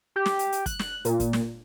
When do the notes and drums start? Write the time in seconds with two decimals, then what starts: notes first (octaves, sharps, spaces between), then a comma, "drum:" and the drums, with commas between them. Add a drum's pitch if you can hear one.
0.16 G4
0.26 drum: snare
0.39 drum: hi-hat
0.52 drum: hi-hat
0.66 F#6, drum: kick, hi-hat
0.79 drum: snare
1.05 A#2, drum: hi-hat
1.20 drum: kick, hi-hat
1.33 drum: snare